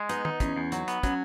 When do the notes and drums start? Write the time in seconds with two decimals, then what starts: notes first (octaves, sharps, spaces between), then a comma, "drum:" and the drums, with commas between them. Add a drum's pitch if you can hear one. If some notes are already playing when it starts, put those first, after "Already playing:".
Already playing: G#3
0.09 B3 D#4, drum: hi-hat
0.25 D#4, drum: tom
0.40 E2 C#4, drum: kick, hi-hat
0.56 E2
0.72 F#3 D#4, drum: hi-hat
0.88 B3, drum: hi-hat
1.03 F#3 C#4, drum: kick, hi-hat